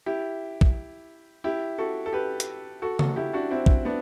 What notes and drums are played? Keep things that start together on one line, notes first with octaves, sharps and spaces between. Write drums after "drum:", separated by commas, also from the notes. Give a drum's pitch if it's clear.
E4 G4
drum: kick
E4 G4
F#4 A4
A4
G4 B4
drum: hi-hat
F#4 A4
F#4 A4, drum: tom
E4 G4
D4 F#4
C4 E4
drum: kick
B3 D4